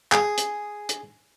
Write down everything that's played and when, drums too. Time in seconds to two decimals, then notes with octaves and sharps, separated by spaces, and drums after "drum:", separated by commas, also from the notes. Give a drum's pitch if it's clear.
0.12 G#4, drum: clap
0.38 drum: hi-hat
0.89 drum: hi-hat